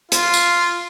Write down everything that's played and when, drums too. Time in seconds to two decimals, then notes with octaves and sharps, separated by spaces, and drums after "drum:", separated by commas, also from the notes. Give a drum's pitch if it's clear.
0.12 F4, drum: hi-hat
0.34 drum: tambourine